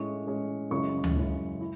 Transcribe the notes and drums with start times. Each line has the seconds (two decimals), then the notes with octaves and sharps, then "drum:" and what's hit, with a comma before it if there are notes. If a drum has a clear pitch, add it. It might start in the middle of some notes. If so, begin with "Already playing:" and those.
Already playing: A2 G#3 C#4 C#6
0.27 A2 G#3 C#4
0.71 F#2 C#3 G#3 C#4 E4 C#6
1.04 drum: tom D2
1.16 F#2 C#3 G#3 C#4 E4
1.61 E4